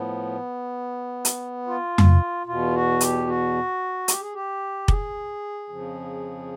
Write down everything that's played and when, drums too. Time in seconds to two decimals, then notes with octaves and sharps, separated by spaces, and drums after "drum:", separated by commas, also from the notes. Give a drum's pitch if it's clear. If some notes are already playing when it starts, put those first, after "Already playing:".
Already playing: A2 F3 B3
1.25 drum: hi-hat
1.67 F4
1.98 drum: tom F2
2.47 E2 B2 F4
2.74 F#4
3.01 G4, drum: hi-hat
3.28 F#4
4.08 G4, drum: hi-hat
4.21 G#4
4.34 G4
4.88 G#4, drum: kick F1
5.69 F2 C#3 F3